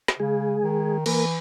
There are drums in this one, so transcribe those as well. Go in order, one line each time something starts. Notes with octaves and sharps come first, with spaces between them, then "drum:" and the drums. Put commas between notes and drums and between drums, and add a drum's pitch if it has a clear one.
drum: snare
C#3 G#3 G#4
D#3
E3 A#3 A#4, drum: cymbal